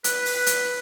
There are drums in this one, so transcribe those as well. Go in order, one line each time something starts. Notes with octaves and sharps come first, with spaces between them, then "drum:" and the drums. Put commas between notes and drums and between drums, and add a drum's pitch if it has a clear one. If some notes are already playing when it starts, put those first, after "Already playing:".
B4, drum: hi-hat
drum: open hi-hat
drum: hi-hat